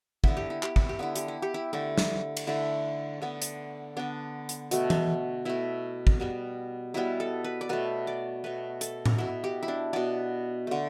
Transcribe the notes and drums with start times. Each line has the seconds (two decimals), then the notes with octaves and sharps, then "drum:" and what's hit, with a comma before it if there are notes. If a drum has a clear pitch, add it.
0.24 D3 B3 E4, drum: kick
0.37 G4
0.50 E4
0.63 G4, drum: clap
0.76 E4, drum: kick
0.89 G4
0.99 D3 B3 E4
1.16 G4, drum: hi-hat
1.28 E4
1.42 G4
1.54 E4
1.73 D3 A3 E4
1.98 drum: snare
2.37 drum: cymbal
2.47 D3 A3 E4
3.22 D3 B3
3.42 drum: hi-hat
3.97 D3 B3 D4
4.49 drum: hi-hat
4.71 B2 A3, drum: hi-hat
4.90 drum: tom E3
5.45 B2 A3 E4
6.07 drum: kick
6.20 B2 G3 B3
6.94 B2 G3 B3 E4
7.20 A4
7.44 B4
7.61 D5
7.69 B2 A3 B4
8.07 D5
8.44 B2 A3 B4
8.81 A4, drum: hi-hat
9.06 drum: tom A2
9.18 B2 B3 E4
9.44 G4
9.63 E4
9.68 D4
9.93 B2 B3 D5
10.67 D3 A3